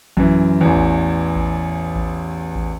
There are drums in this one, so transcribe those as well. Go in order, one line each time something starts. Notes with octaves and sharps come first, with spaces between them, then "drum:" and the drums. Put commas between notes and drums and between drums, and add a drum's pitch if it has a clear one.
F#2 E3, drum: kick A1
A1 E2
drum: kick A1
drum: kick A1
drum: kick A1
drum: kick A1